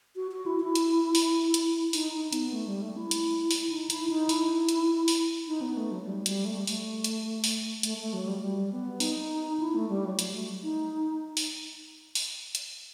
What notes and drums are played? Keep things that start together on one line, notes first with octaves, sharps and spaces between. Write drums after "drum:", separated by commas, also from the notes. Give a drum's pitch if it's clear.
F#4
F#4
E4
E4
drum: hi-hat
drum: open hi-hat
drum: hi-hat
D#4, drum: open hi-hat
D#4
B3, drum: hi-hat
A3
G3
A3
E4
drum: hi-hat
drum: open hi-hat
D#4
E4, drum: hi-hat
D#4
E4, drum: open hi-hat
drum: hi-hat
drum: open hi-hat
D#4
B3
A3
F#3
G3
G3, drum: hi-hat
A3
G3
A3, drum: open hi-hat
drum: hi-hat
drum: open hi-hat
A3, drum: hi-hat
A3
F#3
G3
G3
B3
D#4, drum: open hi-hat
E4
A3
G3
F#3
G3, drum: hi-hat
A3
D#4
drum: open hi-hat
drum: open hi-hat
drum: hi-hat